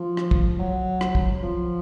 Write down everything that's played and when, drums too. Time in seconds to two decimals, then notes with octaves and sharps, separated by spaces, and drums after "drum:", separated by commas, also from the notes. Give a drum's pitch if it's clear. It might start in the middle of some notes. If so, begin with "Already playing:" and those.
Already playing: F3
0.17 drum: rim click
0.31 drum: kick
0.59 F#3
1.01 drum: rim click
1.15 drum: kick
1.43 F3